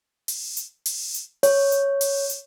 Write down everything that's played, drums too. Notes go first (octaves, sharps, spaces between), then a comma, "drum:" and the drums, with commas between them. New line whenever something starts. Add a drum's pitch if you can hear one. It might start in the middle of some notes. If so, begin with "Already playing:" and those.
drum: open hi-hat
drum: hi-hat
drum: open hi-hat
drum: hi-hat
C#5, drum: open hi-hat
drum: hi-hat
drum: open hi-hat
drum: hi-hat